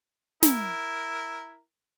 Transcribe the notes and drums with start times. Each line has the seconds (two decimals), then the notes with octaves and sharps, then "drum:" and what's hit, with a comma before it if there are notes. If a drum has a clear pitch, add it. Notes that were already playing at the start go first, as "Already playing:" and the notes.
0.43 E4 A#4, drum: snare